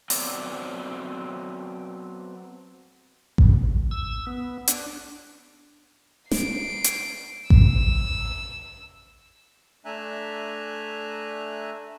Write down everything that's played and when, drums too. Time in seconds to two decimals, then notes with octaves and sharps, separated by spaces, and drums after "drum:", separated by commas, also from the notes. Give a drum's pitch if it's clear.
0.10 F#3 B3 C4 A4 C#5 D5, drum: open hi-hat
3.38 drum: kick A1
3.91 E6
4.27 B3
4.68 D4, drum: hi-hat
6.31 C7 D7, drum: snare
6.84 drum: hi-hat
7.50 E6, drum: kick A1
9.85 A3 D4 E5 G#5 A#5 F#6